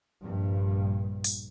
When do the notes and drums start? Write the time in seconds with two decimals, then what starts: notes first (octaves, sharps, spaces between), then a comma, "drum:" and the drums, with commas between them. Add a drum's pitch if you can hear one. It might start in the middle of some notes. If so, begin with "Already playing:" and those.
0.23 A#1 G2
1.24 drum: open hi-hat